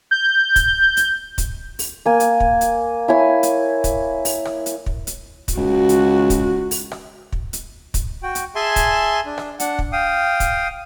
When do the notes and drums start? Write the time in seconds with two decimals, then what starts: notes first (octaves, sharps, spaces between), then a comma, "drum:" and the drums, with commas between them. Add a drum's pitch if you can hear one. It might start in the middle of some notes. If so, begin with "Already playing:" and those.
0.11 G6
0.56 drum: kick, hi-hat
0.97 drum: hi-hat
1.38 drum: kick, hi-hat
1.79 drum: open hi-hat
2.05 A#3 G#5
2.20 drum: hi-hat
2.40 drum: kick
2.61 drum: hi-hat
3.08 E4 C#5 G#5
3.43 drum: hi-hat
3.84 drum: kick, hi-hat
4.25 drum: open hi-hat
4.45 drum: rim click
4.66 drum: hi-hat
4.86 drum: kick
5.07 drum: hi-hat
5.48 drum: kick, hi-hat
5.57 C#2 F#4
5.89 drum: hi-hat
6.30 drum: kick, hi-hat
6.71 drum: open hi-hat
6.92 drum: rim click
7.33 drum: kick
7.53 drum: hi-hat
7.94 drum: kick, hi-hat
8.23 F#4 G5
8.35 drum: hi-hat
8.56 G#4 E5 G#5 A5 C6
8.76 drum: kick, hi-hat
9.25 D4
9.38 drum: rim click
9.60 D4 F#5, drum: hi-hat
9.79 drum: kick
9.92 F5 G5 D#6
10.40 drum: kick, hi-hat